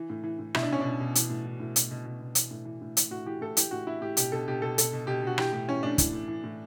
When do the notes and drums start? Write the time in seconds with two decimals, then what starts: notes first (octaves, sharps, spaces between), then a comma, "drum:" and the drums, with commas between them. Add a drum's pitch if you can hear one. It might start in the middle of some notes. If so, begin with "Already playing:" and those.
Already playing: E3
0.10 A2
0.24 E3
0.39 A2
0.55 B2 E4, drum: rim click
0.63 D4
0.70 B2 C#4
0.80 B2 D4
1.00 B2
1.15 E3, drum: hi-hat
1.30 A2
1.46 E3
1.60 A2
1.76 B2, drum: hi-hat
1.91 B2
2.06 B2
2.20 B2
2.35 E3, drum: hi-hat
2.51 A2
2.65 E3
2.81 A2
2.97 E3, drum: hi-hat
3.11 A2 F#4
3.26 E3 G4
3.41 A2 A4
3.57 E3 G4, drum: hi-hat
3.71 A2 F#4
3.87 E3 E4
4.01 A2 G4
4.17 B2 G4, drum: hi-hat
4.32 B2 A4
4.48 B2 G4
4.62 B2 A4
4.78 B2 A4, drum: hi-hat
4.93 B2
5.07 B2 G4
5.23 B2 F#4
5.38 E3 G4, drum: rim click
5.52 A2 G4
5.68 E3 C#4
5.83 A2 D4
5.98 E3, drum: kick, hi-hat
6.13 A2
6.28 E3
6.44 A2